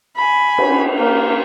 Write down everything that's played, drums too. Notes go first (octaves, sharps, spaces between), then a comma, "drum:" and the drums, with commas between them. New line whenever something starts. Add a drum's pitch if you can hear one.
G#5 B5
drum: cymbal
A#3